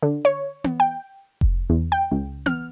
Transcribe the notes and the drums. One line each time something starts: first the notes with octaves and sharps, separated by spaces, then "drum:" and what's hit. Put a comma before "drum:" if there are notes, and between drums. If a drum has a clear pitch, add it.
D3
C#5
drum: tom B3
G5
drum: kick F1
E2
G5
C#2
F6, drum: tom B3